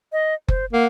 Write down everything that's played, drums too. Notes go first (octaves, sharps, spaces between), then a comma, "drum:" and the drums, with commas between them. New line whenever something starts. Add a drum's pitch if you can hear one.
D#5
C5, drum: kick F#1
A#3 F#5